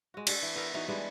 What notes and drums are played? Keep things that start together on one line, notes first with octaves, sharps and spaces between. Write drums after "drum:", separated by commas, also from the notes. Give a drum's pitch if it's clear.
G#3 F#4
D4 G4 A4, drum: cymbal
E3
B3 E4 A4 A#4
E3 D#4 F#4
E3 G3 G#3 D4